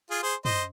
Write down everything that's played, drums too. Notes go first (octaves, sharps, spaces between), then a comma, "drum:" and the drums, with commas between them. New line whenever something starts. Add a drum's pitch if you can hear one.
F4 G#4
G#4 C5
C5 D#5, drum: tom